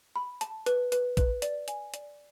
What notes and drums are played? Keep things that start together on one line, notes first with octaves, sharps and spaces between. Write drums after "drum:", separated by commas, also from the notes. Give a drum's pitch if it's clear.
B5
A5, drum: hi-hat
B4, drum: hi-hat
B4, drum: hi-hat
B4, drum: kick A#1, hi-hat
D5, drum: hi-hat
G#5, drum: hi-hat
D5, drum: hi-hat